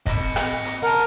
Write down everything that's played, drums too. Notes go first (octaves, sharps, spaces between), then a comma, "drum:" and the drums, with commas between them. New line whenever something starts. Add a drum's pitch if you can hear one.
D#5 B5, drum: kick, hi-hat
drum: rim click
drum: hi-hat
A#4 F#5 A5